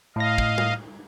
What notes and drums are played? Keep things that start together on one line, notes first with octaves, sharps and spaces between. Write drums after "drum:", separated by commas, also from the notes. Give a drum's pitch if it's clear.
A2 D#5 F5 A#6
drum: kick
drum: tom